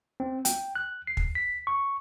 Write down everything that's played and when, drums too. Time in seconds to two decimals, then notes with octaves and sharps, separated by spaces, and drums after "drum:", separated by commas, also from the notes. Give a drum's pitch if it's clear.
0.20 C4
0.45 G5, drum: hi-hat
0.75 F#6
1.07 C7
1.17 drum: kick
1.35 B6
1.67 C#6